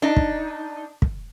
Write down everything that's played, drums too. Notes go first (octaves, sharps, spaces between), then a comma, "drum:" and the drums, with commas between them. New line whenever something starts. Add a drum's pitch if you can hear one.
D4 D#4
drum: kick
drum: kick